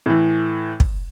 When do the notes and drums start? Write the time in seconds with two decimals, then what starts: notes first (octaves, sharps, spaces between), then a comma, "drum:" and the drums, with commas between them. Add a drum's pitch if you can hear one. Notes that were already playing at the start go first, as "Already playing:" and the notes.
0.06 A2 E3
0.80 drum: kick